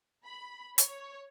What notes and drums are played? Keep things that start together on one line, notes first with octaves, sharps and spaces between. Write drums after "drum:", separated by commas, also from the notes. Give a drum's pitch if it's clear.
B5
C#5, drum: hi-hat